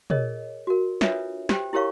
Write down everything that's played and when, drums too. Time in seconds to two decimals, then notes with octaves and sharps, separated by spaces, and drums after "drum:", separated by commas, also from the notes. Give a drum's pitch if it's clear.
0.10 G#4 A#4 C#5 D#5, drum: tom
0.67 F#4 A#4
1.01 D4 F4 B4 C#5 E5 D#6, drum: snare
1.49 G4 C5 G5, drum: snare
1.73 E4 G4 A#4 C#5 F5 C#6